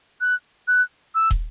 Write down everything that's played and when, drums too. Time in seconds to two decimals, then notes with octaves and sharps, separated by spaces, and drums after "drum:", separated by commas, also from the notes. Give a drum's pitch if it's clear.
0.21 F#6
0.68 F#6
1.15 E6
1.31 drum: kick